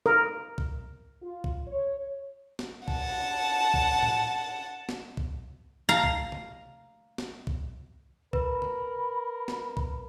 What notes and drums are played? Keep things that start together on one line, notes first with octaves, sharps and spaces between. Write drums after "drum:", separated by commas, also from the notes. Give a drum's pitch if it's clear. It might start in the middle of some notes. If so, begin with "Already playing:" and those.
A#4
drum: kick
F4
drum: kick
C#5
drum: snare
F#5 A5, drum: kick
drum: kick
drum: tom A2
drum: snare
drum: kick
F5 A#5
drum: kick
drum: tom C3
drum: snare
drum: kick
A#4 B4 B5, drum: kick
drum: tom C3
drum: snare
drum: kick